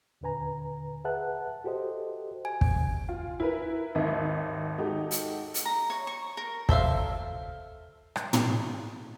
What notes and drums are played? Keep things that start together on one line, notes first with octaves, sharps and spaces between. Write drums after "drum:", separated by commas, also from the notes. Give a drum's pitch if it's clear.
D#2 A#2 D3 B4 G#5 A#5
G#4 B4 E5 F#5 A5 F#6
F#4 G4 A4 C5 D#5
G#5
drum: kick
F4
E4 A#4 B4
G#1 D#2 D#5 E5
G#3 D#4 F#4 G4 A4
drum: hi-hat
drum: hi-hat
A#5
C#5
C#6
A#4
A4 C5 E5 F5, drum: kick
drum: rim click
drum: tom